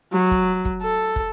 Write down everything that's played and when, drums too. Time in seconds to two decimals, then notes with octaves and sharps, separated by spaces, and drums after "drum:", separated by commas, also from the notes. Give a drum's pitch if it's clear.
0.12 F#3
0.31 drum: kick
0.65 drum: kick
0.82 A4
1.16 drum: kick